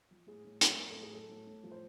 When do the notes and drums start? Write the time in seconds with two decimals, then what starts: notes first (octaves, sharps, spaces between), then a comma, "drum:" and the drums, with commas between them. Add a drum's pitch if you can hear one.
0.11 F3
0.27 A2 G#4
0.45 A2
0.61 F3, drum: hi-hat
0.78 A2 A#4
0.90 A4
0.96 A2
1.02 G#4
1.12 F#3 A4
1.29 A2
1.47 A2
1.64 F3
1.72 C5